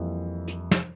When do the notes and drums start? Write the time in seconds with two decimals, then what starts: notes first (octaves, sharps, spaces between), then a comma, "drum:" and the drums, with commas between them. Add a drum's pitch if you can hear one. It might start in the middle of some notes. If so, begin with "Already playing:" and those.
Already playing: F2 E3 G3 A#3 E4
0.48 drum: hi-hat
0.71 drum: snare